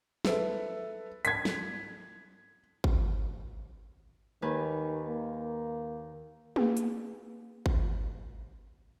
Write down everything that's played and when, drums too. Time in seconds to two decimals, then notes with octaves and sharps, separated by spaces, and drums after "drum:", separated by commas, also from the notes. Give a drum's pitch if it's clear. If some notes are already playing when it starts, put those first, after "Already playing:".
0.25 A4 B4 E5, drum: snare
1.25 G#6 B6, drum: hi-hat
1.45 drum: snare
2.84 drum: kick G#1
4.42 D#2 D#3 B4 G#5
5.06 A#3
6.56 A#3 G#4 B4, drum: tom
6.77 drum: hi-hat
7.66 drum: kick G#1